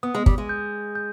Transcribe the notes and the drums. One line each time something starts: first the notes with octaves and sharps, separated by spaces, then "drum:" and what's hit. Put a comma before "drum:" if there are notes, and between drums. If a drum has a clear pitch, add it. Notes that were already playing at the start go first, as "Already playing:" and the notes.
B3 D#6
G#3
G3, drum: kick
G#3
G6
G6